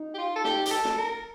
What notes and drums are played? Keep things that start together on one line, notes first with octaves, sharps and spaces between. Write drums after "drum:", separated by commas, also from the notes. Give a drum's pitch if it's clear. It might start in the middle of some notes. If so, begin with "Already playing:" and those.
Already playing: D#4
G4
F4
A4
G4, drum: snare
G4, drum: hi-hat
A4
drum: snare
A#4